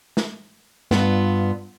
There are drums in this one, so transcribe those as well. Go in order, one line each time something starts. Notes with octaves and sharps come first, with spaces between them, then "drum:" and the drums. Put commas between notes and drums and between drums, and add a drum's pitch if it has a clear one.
drum: snare
G2 B3 F4, drum: snare